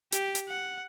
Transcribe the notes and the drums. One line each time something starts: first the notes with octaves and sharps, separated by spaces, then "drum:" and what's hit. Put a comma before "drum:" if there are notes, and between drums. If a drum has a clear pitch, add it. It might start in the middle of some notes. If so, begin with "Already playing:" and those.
G4, drum: hi-hat
drum: hi-hat
F#5